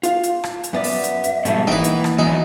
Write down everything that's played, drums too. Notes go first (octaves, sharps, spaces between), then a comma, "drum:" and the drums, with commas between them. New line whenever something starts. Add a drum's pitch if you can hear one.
F4 F5, drum: hi-hat
drum: hi-hat
drum: rim click
drum: hi-hat
F#2 B3 D5 E5
drum: open hi-hat
drum: hi-hat
drum: hi-hat
G#2 B2 F3 G3 A3, drum: hi-hat
E3 A#3 D#4 B4 F#5 G5
drum: hi-hat
drum: rim click
E2 E3 F#3 D#4